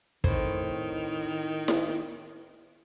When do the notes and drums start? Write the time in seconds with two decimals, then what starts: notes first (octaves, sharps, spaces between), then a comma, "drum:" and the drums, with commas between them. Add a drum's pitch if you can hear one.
0.24 A2 D#3 C4, drum: kick
1.68 drum: snare E4